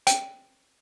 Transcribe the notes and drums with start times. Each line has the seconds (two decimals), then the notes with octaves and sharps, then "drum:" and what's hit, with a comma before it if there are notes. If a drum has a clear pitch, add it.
0.07 G5, drum: hi-hat